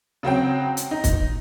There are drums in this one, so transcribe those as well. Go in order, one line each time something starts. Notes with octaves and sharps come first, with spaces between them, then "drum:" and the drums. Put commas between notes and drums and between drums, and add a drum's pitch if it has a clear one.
C#3 F#3 C4 G5
drum: hi-hat
D#4
drum: kick, hi-hat